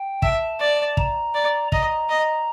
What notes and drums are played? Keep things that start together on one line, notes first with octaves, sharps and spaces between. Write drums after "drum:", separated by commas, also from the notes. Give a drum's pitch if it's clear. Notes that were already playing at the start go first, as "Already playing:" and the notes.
Already playing: G5
E5 A5, drum: kick
D5
A#5, drum: kick
D5
D#5 A#5, drum: kick
D#5